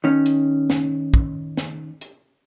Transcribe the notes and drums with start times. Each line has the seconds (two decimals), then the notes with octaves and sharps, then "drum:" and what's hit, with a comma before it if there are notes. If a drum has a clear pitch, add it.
0.04 D#3 C#4
0.26 drum: hi-hat
0.70 drum: snare
1.14 drum: kick
1.57 drum: snare
2.01 drum: hi-hat